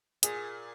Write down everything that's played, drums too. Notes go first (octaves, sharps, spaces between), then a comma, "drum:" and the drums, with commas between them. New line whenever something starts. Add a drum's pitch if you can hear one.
A#2 G#4, drum: hi-hat